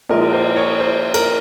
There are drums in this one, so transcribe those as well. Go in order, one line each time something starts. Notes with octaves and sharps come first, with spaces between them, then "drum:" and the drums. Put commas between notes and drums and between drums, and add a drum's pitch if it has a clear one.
A#2 F3 G#3 A#4, drum: cymbal
C5
C#5
C5
A#4, drum: cymbal